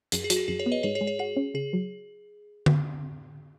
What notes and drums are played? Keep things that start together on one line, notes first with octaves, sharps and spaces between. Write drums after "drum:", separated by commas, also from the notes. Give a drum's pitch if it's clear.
F#2 G#4, drum: hi-hat
G#4
F#3, drum: hi-hat
F#4
F#2 G#4
G#4 C#5
B3
B4 D#5
G#2 G#4 C#5
G#4 C#5
G#3
G#4 C#5
F#4 G#4
C#4
C#3 G#4
F#3
drum: tom D3